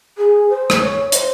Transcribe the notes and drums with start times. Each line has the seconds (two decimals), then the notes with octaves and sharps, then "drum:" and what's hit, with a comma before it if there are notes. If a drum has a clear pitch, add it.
0.18 G#4
0.49 C5
0.70 drum: rim click
0.80 C#5
1.12 C5, drum: hi-hat